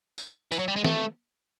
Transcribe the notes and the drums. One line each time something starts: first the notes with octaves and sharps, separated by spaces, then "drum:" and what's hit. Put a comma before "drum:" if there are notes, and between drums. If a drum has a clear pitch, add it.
drum: tambourine
E3, drum: tambourine
F#3
G3
G#3
A3, drum: snare